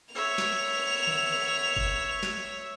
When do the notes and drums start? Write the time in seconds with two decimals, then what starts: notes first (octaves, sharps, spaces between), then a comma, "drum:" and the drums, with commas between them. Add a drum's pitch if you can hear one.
0.15 C#5 E5 F7
0.38 drum: snare
1.07 drum: tom D3
1.77 drum: kick F#1
2.23 drum: snare